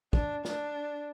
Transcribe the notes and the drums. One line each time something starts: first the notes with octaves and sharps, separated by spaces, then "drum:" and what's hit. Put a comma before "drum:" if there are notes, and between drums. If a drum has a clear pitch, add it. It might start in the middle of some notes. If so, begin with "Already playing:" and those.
D4, drum: kick
D4, drum: snare